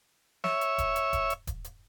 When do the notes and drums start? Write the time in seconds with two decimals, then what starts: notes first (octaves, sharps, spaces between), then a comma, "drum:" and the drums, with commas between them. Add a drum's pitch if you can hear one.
0.44 C#5 E5, drum: snare
0.61 drum: hi-hat
0.78 drum: kick D#1, hi-hat
0.96 drum: hi-hat
1.13 drum: kick D#1, hi-hat
1.30 drum: hi-hat
1.47 drum: kick D#1, hi-hat
1.64 drum: hi-hat